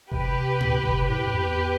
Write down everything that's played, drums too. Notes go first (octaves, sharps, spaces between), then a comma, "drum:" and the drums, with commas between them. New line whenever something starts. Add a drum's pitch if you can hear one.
C3 G4 B4, drum: kick F#1
drum: tom A2
drum: kick F#1
A2 G4 B4
F2
E2